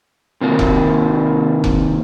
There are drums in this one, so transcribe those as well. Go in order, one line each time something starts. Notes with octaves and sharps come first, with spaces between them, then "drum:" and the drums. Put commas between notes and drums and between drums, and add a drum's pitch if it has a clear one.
C3 D#3 A#3
drum: kick F1
drum: kick F1